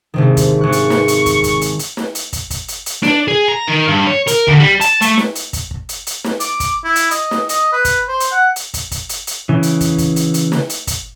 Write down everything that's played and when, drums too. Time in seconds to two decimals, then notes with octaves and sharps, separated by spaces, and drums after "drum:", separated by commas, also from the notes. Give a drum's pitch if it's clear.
0.14 G#1 C3 D#3
0.37 drum: kick, hi-hat
0.61 G#1 C#6 F#6
0.72 drum: hi-hat
0.90 drum: snare
1.08 drum: hi-hat
1.26 drum: kick, hi-hat
1.44 drum: kick, hi-hat
1.61 drum: hi-hat
1.79 drum: hi-hat
1.97 drum: snare
2.15 drum: hi-hat
2.33 drum: kick, hi-hat
2.50 drum: kick, hi-hat
2.68 drum: hi-hat
2.86 drum: hi-hat
3.03 D4, drum: snare
3.28 G#4
3.48 A#5
3.68 D#3
3.88 G2
4.07 C#5
4.27 A#4, drum: hi-hat
4.48 D2, drum: kick
4.60 G3
4.81 A5, drum: hi-hat
5.02 A3, drum: hi-hat
5.18 drum: snare
5.35 drum: hi-hat
5.53 drum: kick, hi-hat
5.71 drum: kick
5.89 drum: hi-hat
6.07 drum: hi-hat
6.24 drum: snare
6.40 D6, drum: hi-hat
6.60 drum: kick, hi-hat
6.84 E4
6.96 drum: hi-hat
7.11 D#5, drum: hi-hat
7.31 drum: snare
7.49 D#5, drum: hi-hat
7.73 B4
7.85 drum: kick, hi-hat
8.08 C5
8.20 drum: hi-hat
8.32 F#5
8.56 drum: hi-hat
8.74 drum: kick, hi-hat
8.91 drum: kick, hi-hat
9.09 drum: hi-hat
9.27 drum: hi-hat
9.49 C#3 E3
9.63 drum: hi-hat
9.80 drum: kick, hi-hat
9.98 drum: kick, hi-hat
10.16 drum: hi-hat
10.34 drum: hi-hat
10.52 drum: snare
10.70 drum: hi-hat
10.87 drum: kick, hi-hat